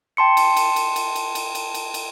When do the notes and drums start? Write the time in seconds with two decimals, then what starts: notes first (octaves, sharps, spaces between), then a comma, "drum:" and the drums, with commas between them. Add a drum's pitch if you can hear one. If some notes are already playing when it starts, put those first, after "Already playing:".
0.17 G5 A5 C6 C#7
0.37 drum: cymbal
0.57 drum: cymbal
0.76 drum: cymbal
0.96 drum: cymbal
1.16 drum: cymbal
1.35 drum: cymbal
1.55 drum: cymbal
1.74 drum: cymbal
1.94 drum: cymbal